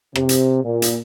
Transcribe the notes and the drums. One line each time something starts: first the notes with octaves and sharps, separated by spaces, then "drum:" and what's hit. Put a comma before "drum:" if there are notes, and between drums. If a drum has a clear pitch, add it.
C3, drum: rim click
drum: hi-hat
A#2
drum: hi-hat